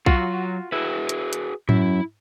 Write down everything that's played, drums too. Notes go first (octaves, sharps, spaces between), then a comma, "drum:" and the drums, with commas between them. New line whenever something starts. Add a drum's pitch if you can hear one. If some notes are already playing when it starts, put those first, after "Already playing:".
F#3 F4 F#4, drum: kick B1
E4 F#4 G#4 B4
drum: hi-hat
drum: hi-hat
F#2 E4, drum: tom G#2